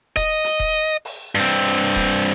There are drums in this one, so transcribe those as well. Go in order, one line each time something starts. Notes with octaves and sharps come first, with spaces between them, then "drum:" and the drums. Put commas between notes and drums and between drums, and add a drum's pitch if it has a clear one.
D#5, drum: kick D#1, hi-hat
drum: hi-hat
drum: kick D#1
drum: open hi-hat
G2 C4, drum: hi-hat
drum: hi-hat
drum: kick D#1, hi-hat